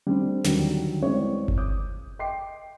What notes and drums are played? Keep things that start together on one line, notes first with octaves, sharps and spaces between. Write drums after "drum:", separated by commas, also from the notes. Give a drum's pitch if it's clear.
G3 A3 C4 D4
D#2 D3 D#3 F#3 G3, drum: snare
G#3 B3 C4 E4 C#5 D5
drum: kick G1
D6 D#6 G6
D#5 G5 C6 D6 C7